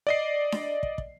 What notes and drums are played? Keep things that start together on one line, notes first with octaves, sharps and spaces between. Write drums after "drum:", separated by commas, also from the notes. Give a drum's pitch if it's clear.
D5 D#5 C7
drum: snare D4
drum: kick
drum: kick